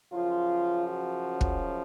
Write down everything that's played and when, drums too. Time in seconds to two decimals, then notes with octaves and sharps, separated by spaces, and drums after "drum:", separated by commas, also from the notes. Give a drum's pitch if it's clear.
0.12 F#2 C#3 F3 F4
0.85 F#4
1.41 drum: kick